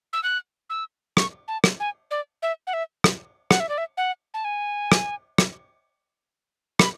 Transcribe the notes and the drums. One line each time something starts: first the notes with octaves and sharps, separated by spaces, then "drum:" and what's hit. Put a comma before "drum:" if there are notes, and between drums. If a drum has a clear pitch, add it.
E6
F#6
E6
C#6, drum: rim click
A5
drum: rim click
G#5
D5
E5
F#5
E5
drum: rim click
F#5, drum: rim click
E5
D5
E5
F#5
A5
G#5
drum: rim click
drum: rim click
B5, drum: rim click